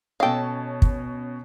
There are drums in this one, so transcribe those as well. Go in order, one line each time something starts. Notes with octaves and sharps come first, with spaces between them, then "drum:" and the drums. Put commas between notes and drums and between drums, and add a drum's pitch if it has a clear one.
B2 C#4 A4 D#5 F5 G5
drum: kick